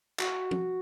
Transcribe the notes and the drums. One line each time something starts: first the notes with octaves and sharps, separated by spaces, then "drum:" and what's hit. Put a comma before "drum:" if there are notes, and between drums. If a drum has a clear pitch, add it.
F#4, drum: clap
drum: tom